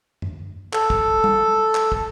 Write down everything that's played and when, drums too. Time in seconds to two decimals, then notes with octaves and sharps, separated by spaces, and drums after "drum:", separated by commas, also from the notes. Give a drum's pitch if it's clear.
0.22 drum: tom F#2
0.73 A4, drum: clap
0.90 drum: kick
1.24 drum: tom
1.75 drum: clap
1.92 drum: kick